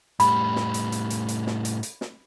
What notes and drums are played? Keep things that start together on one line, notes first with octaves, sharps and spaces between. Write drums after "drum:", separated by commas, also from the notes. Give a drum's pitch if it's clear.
A2 G3 B5, drum: hi-hat
drum: snare
drum: hi-hat
drum: hi-hat
drum: hi-hat
drum: hi-hat
drum: snare
drum: hi-hat
drum: hi-hat
drum: snare